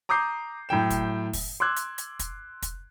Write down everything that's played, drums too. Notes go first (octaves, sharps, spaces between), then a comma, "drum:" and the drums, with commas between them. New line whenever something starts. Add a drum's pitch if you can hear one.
A#5 D6 D#6 G6 C7
A2 F#3 G5 E7
drum: kick, hi-hat
drum: kick, open hi-hat
C6 D6 E6 F#6 G#6
drum: hi-hat
drum: hi-hat
drum: kick, hi-hat
drum: kick, hi-hat